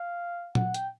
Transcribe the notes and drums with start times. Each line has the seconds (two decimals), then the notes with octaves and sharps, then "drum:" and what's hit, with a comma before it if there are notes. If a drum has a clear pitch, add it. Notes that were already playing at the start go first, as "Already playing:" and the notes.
Already playing: F5
0.55 F#5, drum: tom A#2
0.74 G5, drum: hi-hat